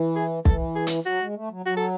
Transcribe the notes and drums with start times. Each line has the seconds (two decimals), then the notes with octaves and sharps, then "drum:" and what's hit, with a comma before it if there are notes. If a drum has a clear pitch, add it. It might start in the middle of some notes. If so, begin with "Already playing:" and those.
Already playing: E3
0.16 G#4
0.45 E3 A4, drum: kick
0.76 G#4
0.87 drum: hi-hat
1.06 F#3 F#4
1.21 G#3
1.35 A3
1.51 F#3
1.66 F#3 F#4
1.77 A4